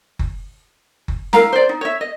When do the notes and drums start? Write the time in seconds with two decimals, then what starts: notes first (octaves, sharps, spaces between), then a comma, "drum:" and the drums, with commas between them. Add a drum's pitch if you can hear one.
0.19 drum: kick F#1
1.08 drum: kick F#1
1.33 E4 A#4 F5 A#5, drum: snare
1.53 C5 D5
1.69 D#4
1.81 C#5 E5
2.01 D#5